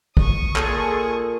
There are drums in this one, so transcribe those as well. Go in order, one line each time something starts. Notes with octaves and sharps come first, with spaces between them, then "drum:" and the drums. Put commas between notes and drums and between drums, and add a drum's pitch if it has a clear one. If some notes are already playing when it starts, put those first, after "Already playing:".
C#6 D#6, drum: kick
A#2 G#4 A4, drum: clap